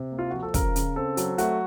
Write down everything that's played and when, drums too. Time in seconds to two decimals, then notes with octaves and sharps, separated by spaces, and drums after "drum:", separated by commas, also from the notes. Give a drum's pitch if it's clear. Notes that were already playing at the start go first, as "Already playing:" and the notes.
Already playing: C3
0.12 A#3
0.19 F4
0.30 F3 F#4
0.42 A4
0.54 C#3 A#4, drum: kick, hi-hat
0.76 C#3, drum: hi-hat
0.96 C4 A4
1.17 F#3, drum: hi-hat
1.38 A3 F#4, drum: hi-hat